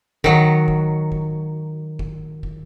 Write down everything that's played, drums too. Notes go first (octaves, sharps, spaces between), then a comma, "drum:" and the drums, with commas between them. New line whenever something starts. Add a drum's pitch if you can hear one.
D#3 F#3, drum: kick
drum: kick
drum: kick
drum: kick
drum: kick